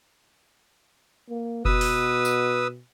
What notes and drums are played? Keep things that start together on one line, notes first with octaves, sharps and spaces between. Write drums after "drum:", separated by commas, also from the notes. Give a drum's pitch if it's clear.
A#3
B2 B4 D#6 E6, drum: kick F#1
drum: open hi-hat
drum: tambourine